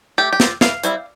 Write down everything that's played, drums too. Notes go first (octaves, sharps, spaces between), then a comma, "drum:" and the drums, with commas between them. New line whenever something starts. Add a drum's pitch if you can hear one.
A3 G4
G4
C4 F4, drum: snare
E3 F5, drum: snare
G3 C4 E4, drum: hi-hat